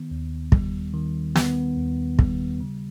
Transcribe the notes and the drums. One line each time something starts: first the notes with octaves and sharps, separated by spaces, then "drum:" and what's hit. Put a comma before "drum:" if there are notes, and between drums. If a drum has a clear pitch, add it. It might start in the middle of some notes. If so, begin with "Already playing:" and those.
Already playing: D#3 B3
D#2
G3, drum: kick
D#3
B3, drum: snare
D#2
G3, drum: kick
C#3